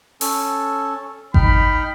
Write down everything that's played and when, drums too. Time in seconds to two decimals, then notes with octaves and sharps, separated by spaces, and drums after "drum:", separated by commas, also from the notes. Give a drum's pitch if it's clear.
0.21 C#4 A4, drum: open hi-hat
1.34 D#4 G5 B5 F6, drum: kick G#1